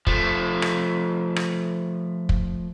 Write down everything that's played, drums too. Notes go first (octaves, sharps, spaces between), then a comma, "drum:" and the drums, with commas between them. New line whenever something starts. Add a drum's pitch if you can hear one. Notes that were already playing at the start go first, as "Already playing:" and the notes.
F3 A3, drum: kick
drum: rim click
drum: rim click
drum: kick